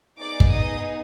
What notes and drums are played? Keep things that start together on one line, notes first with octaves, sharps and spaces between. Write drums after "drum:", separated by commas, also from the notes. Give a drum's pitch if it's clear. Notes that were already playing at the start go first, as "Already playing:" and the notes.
B3 D#4 G#4 D5 D6
drum: kick
D#5 D#6